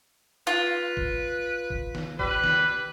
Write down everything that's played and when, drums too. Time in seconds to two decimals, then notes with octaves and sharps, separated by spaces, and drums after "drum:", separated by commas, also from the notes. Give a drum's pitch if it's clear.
0.47 F4 B4
0.97 drum: kick
1.70 drum: kick
1.95 drum: snare
2.19 G3 B4, drum: kick
2.44 drum: snare